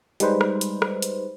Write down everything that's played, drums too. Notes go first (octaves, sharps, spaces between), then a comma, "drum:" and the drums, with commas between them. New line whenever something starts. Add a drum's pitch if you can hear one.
G3 G#3 D#4 B4 C5, drum: hi-hat
drum: rim click
drum: hi-hat
drum: rim click
drum: hi-hat